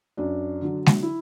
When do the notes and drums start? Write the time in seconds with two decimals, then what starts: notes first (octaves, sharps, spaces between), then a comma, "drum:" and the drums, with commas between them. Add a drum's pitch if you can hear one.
0.17 F#2 D4
0.61 D3 F#3
0.86 drum: snare G#3
1.03 E4